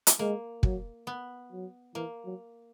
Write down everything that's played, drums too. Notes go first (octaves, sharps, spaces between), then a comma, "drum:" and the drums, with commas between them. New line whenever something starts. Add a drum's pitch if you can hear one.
drum: hi-hat
G#3 A#3
F#3, drum: kick
B3
F#3
E3 A#3
F#3